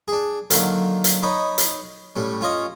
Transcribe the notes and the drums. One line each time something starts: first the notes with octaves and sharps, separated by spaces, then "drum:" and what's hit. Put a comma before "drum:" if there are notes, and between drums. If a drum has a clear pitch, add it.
D4 G#4
D3 D#3 F#3 A#3, drum: hi-hat
drum: hi-hat
D#4 B4 C#5 D#5
drum: hi-hat
A2 G3 C#4
C#4 F4 C#5 D#5